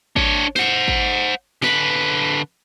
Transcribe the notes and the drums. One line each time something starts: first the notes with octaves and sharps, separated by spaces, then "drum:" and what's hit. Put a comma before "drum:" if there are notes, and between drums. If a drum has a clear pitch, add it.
D4 C#5, drum: kick G#1
C5 F#5, drum: snare
drum: kick G#1
D3 B4, drum: snare